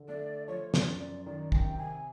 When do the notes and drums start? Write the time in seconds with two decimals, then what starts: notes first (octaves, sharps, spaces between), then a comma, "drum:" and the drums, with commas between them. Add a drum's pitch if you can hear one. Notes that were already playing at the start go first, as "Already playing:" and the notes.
Already playing: D3
0.08 A3 D5
0.48 F3 C#5
0.74 D5, drum: snare
0.87 F#2
1.00 D5
1.26 D#3 D5
1.52 G#5, drum: kick
1.56 G5
1.64 C3
1.78 G#5